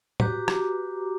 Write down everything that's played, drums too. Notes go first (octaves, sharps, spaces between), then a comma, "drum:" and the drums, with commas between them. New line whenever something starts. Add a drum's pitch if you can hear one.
F#4 G4 B4 A#5 D6, drum: tom
drum: rim click